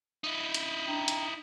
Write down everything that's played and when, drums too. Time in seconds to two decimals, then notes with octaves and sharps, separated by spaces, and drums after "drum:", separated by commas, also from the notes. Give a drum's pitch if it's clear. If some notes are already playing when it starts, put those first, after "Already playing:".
0.24 D#4 E4
0.54 drum: hi-hat
0.85 D4 G5 A#5
1.08 drum: hi-hat